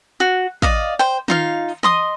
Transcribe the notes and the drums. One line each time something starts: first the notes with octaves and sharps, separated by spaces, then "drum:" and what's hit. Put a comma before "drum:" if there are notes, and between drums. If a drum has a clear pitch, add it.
F#4
D5 D#5 F5, drum: kick
C5 G5
D#4 F4 F5, drum: tom D#3
D#5 C6 D#6, drum: tom E3